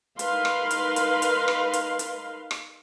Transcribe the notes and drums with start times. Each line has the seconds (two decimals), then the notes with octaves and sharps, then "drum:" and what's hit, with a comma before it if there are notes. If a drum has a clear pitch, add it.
0.19 D#4 A#4 B4 F5 C6, drum: hi-hat
0.45 drum: rim click
0.71 drum: hi-hat
0.96 drum: hi-hat
1.22 drum: hi-hat
1.48 drum: rim click
1.73 drum: hi-hat
1.99 drum: hi-hat
2.51 drum: rim click